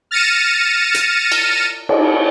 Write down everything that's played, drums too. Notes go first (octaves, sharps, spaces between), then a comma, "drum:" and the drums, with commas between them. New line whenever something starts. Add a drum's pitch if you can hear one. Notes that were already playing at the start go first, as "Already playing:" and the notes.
F6 A6 A#6 C#7 D#7 E7
drum: hi-hat
drum: cymbal
drum: cymbal